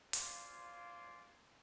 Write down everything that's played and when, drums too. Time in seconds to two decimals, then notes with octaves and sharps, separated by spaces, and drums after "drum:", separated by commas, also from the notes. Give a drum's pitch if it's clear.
0.13 F4 C5 D5 F5 G#5 C6, drum: hi-hat